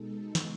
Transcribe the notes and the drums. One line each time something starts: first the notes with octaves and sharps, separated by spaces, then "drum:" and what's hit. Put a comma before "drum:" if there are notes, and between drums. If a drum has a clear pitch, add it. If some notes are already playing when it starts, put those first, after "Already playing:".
Already playing: B2 G#3 D#4 A4
drum: snare